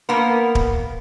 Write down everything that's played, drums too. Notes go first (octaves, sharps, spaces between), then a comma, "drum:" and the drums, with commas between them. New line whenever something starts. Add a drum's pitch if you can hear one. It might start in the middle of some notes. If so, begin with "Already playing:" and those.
A#3 B3 A#4
drum: kick